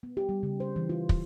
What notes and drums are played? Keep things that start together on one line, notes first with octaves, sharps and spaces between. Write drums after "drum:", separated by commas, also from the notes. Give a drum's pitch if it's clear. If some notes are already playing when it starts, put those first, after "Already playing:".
B3
G4
G3
C#3
C5
E3
F4
E3, drum: kick